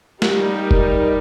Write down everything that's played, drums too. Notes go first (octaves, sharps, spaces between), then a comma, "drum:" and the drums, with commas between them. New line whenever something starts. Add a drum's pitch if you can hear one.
G3 D#4 G4 A#4, drum: snare
drum: kick F1